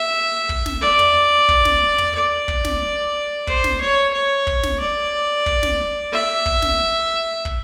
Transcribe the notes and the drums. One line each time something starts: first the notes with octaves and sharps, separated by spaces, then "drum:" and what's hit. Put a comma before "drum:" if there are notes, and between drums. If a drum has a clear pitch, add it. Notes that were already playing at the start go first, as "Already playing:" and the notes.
Already playing: E5
drum: kick
drum: snare
D5
drum: tom
drum: kick
drum: snare
drum: tom
D5
drum: kick
drum: snare
C5, drum: kick
drum: snare
C#5
C#5
drum: kick
drum: snare
D5
drum: kick
drum: snare
E5
drum: kick
drum: snare
drum: kick